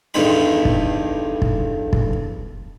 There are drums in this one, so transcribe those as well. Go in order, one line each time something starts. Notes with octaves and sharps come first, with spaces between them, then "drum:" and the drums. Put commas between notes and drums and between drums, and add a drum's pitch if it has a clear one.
E2 G2 D3 D#3 B5
drum: kick
drum: kick
drum: kick